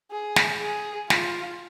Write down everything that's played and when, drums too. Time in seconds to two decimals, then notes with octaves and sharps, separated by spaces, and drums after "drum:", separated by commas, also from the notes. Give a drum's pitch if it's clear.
0.11 G#4
0.36 drum: snare
0.61 G#4
1.10 F4, drum: snare